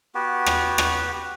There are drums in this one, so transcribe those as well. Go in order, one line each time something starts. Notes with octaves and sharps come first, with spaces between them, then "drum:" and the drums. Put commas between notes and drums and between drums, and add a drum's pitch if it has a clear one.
B3 F#4 G4
drum: rim click
drum: rim click